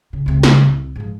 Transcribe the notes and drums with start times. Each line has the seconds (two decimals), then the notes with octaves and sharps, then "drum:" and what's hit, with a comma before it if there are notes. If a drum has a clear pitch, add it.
0.13 C#3
0.26 C#2 C3
0.43 C#3, drum: snare
0.65 C2
0.96 G#2 F3